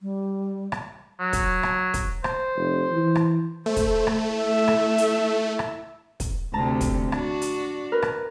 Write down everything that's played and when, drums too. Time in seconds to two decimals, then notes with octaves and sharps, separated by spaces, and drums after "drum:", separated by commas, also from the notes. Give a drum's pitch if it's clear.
0.02 G3
0.72 drum: rim click
1.20 F#3
1.33 drum: kick, hi-hat
1.63 drum: rim click
1.94 drum: kick, hi-hat
2.24 C5, drum: rim click
2.56 F1
2.91 E3
3.15 drum: rim click
3.66 A3 C5
3.76 drum: kick, hi-hat
4.07 drum: rim click
4.29 E4 E5
4.68 drum: rim click
4.98 drum: hi-hat
5.59 drum: rim click
6.20 drum: kick, hi-hat
6.54 D2 C3 A5 A#5
6.81 drum: kick, hi-hat
7.12 D4 F#4, drum: rim click
7.42 drum: hi-hat
7.92 A#4 B4
8.02 drum: rim click